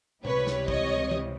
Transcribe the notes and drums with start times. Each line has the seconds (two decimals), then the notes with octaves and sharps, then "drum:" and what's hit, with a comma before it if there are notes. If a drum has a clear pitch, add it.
0.25 C#2 C3 E3 G3 B4 C#5, drum: tom
0.47 drum: snare
0.68 C#5 D#5, drum: kick
1.11 drum: tom